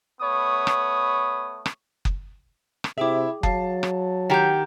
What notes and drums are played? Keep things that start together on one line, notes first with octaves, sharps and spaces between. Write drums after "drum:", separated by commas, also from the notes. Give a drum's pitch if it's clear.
A3 B3 C#5 B5 C#6 D#6
drum: rim click
drum: rim click
drum: kick F#1
drum: rim click
C3 E4 G#4 E5 G5 D6
F#3 F5 A5, drum: kick F#1
drum: rim click
D#3 G4 F#5 A#5 G6